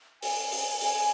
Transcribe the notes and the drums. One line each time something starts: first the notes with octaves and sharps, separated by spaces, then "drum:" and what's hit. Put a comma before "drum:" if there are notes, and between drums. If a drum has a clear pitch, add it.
G#5, drum: open hi-hat
drum: open hi-hat
G#5, drum: open hi-hat